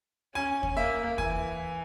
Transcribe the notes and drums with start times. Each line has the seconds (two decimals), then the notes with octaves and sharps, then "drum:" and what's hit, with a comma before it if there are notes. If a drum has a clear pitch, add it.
0.35 C#4 G#5
0.63 drum: kick
0.76 A#3 E5
1.18 E3 G#5, drum: kick